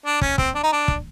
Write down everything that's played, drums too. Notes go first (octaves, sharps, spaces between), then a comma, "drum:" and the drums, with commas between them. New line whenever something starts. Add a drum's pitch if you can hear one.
D4
C#4, drum: kick
C4, drum: kick
D4
D#4
D4
drum: kick